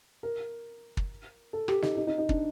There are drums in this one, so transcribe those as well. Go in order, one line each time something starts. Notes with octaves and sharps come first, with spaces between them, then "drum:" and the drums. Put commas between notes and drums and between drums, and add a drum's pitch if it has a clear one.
A#4
drum: kick
A4
G4, drum: rim click
D#4, drum: snare
D#4
D#4
D#4
D4, drum: kick